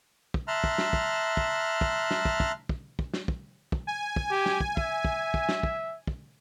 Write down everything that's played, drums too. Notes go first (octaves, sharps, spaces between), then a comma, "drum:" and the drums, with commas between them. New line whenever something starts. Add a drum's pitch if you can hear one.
drum: kick
E5 A5 A#5 C6 F6 F#6
drum: kick
drum: snare
drum: kick
drum: kick
drum: kick
drum: snare
drum: kick
drum: kick
drum: kick
drum: kick
drum: snare
drum: kick
drum: kick
G#5
drum: kick
G4
drum: snare
drum: kick
E5, drum: kick
drum: kick
drum: kick
drum: snare
drum: kick
drum: kick